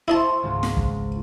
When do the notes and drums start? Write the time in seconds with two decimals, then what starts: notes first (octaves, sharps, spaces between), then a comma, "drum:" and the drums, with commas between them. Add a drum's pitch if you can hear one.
0.08 E4 C5 C#5 D#5 A5
0.43 C#2 G#2 C#3
0.63 drum: snare
0.77 drum: kick